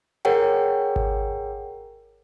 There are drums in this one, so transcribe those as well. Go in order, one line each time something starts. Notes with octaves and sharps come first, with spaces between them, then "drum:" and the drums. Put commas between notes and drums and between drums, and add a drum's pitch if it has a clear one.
G#4 A#4 C#5 F#5 G5
drum: kick G#1